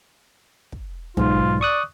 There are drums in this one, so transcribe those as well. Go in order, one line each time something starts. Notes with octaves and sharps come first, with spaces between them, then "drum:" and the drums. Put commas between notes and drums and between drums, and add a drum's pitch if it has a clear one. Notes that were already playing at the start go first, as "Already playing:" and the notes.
drum: kick
B1 G#2 F4, drum: tom
D5 C#6 D#6 F#6